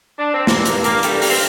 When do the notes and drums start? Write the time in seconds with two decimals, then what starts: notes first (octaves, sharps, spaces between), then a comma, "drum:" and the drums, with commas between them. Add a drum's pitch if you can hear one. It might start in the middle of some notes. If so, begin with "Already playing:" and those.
0.19 D4
0.34 C4
0.47 G2 A#3, drum: snare
0.65 G2 A#3, drum: hi-hat
0.84 G2 A#3, drum: hi-hat
1.03 G3 A3, drum: hi-hat
1.22 G2 A#3, drum: open hi-hat
1.30 C4